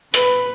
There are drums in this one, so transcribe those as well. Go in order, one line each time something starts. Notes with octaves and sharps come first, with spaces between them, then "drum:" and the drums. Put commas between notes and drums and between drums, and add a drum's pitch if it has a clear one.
B4, drum: hi-hat